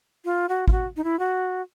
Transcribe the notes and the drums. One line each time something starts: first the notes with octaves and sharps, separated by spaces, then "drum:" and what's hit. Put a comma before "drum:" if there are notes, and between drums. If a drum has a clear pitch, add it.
F4
F#4
F4, drum: kick G#1
F#4
D#4
E4
F#4